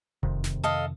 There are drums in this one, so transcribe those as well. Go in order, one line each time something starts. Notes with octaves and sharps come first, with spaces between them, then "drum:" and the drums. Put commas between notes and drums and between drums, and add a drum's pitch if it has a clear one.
F2 C3 D#3, drum: kick E1
drum: snare
A4 D#5 F5